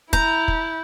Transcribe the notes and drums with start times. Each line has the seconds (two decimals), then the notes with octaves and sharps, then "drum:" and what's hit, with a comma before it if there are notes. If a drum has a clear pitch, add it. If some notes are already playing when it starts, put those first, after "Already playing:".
0.13 E4 A#5 G6, drum: kick
0.48 drum: kick